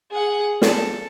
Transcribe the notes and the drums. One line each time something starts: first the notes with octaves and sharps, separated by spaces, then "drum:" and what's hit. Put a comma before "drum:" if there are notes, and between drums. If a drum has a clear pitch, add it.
G#4 F#5
A4, drum: snare